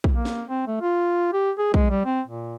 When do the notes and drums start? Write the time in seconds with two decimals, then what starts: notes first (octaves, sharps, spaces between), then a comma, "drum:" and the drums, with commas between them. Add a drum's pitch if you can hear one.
0.04 drum: kick
0.13 A#3
0.25 drum: snare
0.49 C4
0.67 A3
0.81 F4
1.33 G4
1.58 G#4
1.74 G#3, drum: kick
1.90 G3
2.05 C4
2.28 A#2